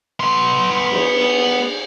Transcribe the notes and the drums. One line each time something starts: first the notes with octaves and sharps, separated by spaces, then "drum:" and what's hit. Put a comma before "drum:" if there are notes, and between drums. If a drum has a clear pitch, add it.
B3 C6
drum: cymbal